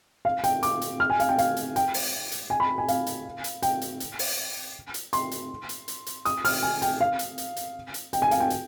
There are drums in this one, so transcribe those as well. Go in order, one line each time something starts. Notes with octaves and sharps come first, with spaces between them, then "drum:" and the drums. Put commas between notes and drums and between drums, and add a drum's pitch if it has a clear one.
F5
G5, drum: hi-hat
D6, drum: hi-hat
drum: hi-hat
F6
G#5
F5, drum: hi-hat
G5
F5, drum: hi-hat
drum: hi-hat
G5, drum: hi-hat
drum: open hi-hat
drum: hi-hat
G#5
B5
G#5
F5, drum: hi-hat
drum: hi-hat
drum: hi-hat
G5, drum: hi-hat
drum: hi-hat
drum: hi-hat
drum: open hi-hat
drum: hi-hat
C6, drum: hi-hat
drum: hi-hat
drum: hi-hat
drum: hi-hat
drum: hi-hat
D#6, drum: hi-hat
F6, drum: open hi-hat
G#5
G5, drum: hi-hat
F5
drum: hi-hat
drum: hi-hat
drum: hi-hat
drum: hi-hat
G5, drum: hi-hat
G#5
F5, drum: hi-hat
G5
drum: hi-hat